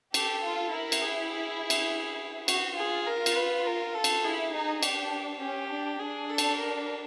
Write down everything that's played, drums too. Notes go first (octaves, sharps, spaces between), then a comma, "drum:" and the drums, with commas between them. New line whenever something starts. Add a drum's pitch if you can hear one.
G4 A4, drum: cymbal
F4
E4 A#4
drum: cymbal
G#4
G#4
drum: cymbal
F#4, drum: cymbal
F4 G#4
A#4
drum: cymbal
B4
A#4
A4
drum: cymbal
E4 G#4
D#4
D4 G4, drum: cymbal
C#4 G4
D4
D4 G#4
A4
drum: cymbal
A#4